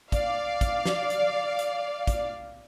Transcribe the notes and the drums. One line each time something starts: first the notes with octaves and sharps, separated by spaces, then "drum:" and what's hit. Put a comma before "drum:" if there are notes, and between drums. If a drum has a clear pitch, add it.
D5 F5, drum: kick, hi-hat
drum: kick, hi-hat
drum: snare
drum: hi-hat
drum: hi-hat
drum: kick, hi-hat